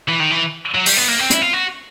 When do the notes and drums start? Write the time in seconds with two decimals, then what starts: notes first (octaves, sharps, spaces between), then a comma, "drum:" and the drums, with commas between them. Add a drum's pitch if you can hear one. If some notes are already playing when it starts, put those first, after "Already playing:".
0.08 E3
0.19 D#3
0.31 E3
0.74 F#3
0.86 G3, drum: open hi-hat
0.97 B3
1.08 A#3
1.19 C4
1.30 E4, drum: hi-hat
1.42 F4
1.53 F#4